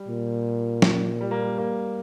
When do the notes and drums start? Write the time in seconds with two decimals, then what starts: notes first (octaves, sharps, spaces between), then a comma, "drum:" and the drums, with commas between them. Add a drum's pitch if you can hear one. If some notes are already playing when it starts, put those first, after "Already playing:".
Already playing: G3
0.08 A#2
0.82 drum: snare
1.21 G3
1.31 A#3
1.42 G3
1.58 A#3